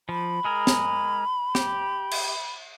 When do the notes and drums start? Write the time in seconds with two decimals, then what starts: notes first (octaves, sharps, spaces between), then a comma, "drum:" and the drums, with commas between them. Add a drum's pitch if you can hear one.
0.09 F3 B5
0.44 G#3 G#4 A#4
0.67 drum: snare
1.55 G4, drum: snare
2.11 drum: cymbal